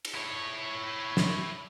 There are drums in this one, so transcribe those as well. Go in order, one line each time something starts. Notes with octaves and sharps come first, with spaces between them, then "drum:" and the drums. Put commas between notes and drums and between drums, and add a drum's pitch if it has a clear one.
drum: cymbal
E4 C#5
drum: snare